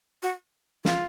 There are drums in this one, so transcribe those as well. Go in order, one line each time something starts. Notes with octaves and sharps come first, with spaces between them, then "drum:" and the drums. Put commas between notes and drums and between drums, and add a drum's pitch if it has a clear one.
F#4
F4, drum: snare